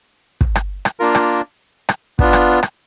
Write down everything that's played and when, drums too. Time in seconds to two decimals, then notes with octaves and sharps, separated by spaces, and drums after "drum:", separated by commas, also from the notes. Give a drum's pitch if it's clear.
0.41 drum: kick
0.55 drum: rim click
0.85 drum: rim click
1.00 A#3 D4 F4 A#4
1.15 drum: rim click
1.89 drum: rim click
2.19 B3 D4 F4, drum: kick
2.33 drum: rim click
2.63 drum: rim click